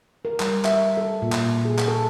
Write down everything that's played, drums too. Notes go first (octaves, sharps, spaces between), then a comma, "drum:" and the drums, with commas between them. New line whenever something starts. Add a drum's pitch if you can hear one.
A#4
G3, drum: clap
E5, drum: clap
A4
A#2
drum: clap
G#4
drum: clap
A4